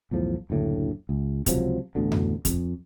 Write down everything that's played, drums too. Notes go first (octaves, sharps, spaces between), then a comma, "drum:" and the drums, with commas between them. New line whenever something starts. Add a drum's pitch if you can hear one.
B1 E2 A2 F3
F#1 D2 A2 D3
C#2
C#2 C3 F3 F#3, drum: kick, hi-hat
A1 D2 B2 D3
drum: tom F2
F2, drum: kick, hi-hat